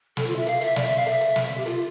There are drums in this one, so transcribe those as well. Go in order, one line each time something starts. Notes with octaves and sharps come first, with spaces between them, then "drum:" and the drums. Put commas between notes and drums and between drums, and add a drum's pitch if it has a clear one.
A4, drum: snare
F4
E5
F5, drum: hi-hat
E5, drum: hi-hat
D5, drum: snare
E5
F5
E5, drum: hi-hat
drum: hi-hat
drum: snare
G4
F4, drum: hi-hat